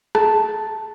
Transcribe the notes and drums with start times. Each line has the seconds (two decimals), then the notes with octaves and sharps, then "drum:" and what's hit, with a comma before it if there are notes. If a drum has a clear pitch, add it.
0.15 A5, drum: rim click